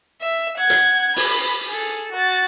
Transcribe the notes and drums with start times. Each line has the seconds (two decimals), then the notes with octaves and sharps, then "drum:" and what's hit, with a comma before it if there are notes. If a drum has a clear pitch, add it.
0.22 E5
0.58 F#5 G#6
0.70 drum: hi-hat
1.16 B5, drum: open hi-hat
1.68 G#4 A4
2.12 F#4 A6